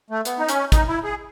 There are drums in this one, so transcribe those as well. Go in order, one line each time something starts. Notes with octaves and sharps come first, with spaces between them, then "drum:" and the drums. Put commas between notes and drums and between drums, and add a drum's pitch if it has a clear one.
A3
B3, drum: hi-hat
D#4
C#4, drum: hi-hat
D#4, drum: kick, hi-hat
E4
G#4